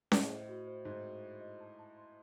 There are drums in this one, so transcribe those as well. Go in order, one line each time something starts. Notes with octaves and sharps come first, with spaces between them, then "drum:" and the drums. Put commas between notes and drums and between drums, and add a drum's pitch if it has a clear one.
A2 D#5, drum: snare C#4
C5
F#4
C5
G#2 C5
F#4
C5
D#5
A5
A5
C6